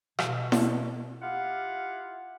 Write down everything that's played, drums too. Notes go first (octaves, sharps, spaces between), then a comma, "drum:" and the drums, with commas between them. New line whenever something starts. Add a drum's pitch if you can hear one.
B2, drum: rim click
drum: snare E4
E4 F4 G4 F5 F#5